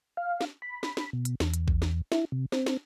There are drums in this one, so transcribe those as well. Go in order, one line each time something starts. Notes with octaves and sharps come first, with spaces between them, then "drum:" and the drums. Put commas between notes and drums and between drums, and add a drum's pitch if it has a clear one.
F5
drum: snare
B5
drum: snare
drum: snare
B2
drum: hi-hat
E2, drum: snare
drum: hi-hat
drum: kick A1
drum: snare
E4, drum: snare
C3
C4, drum: snare
drum: snare